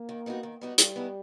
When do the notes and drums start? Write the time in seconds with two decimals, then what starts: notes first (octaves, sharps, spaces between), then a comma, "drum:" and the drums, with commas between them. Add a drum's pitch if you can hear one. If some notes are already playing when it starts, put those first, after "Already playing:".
Already playing: A#3
0.09 D#3
0.26 G3 B3 D#4 F#4
0.43 D#3
0.61 G3 B3 D#4 F#4
0.78 G2 G3, drum: hi-hat
0.96 D#3 G#3 B3 E4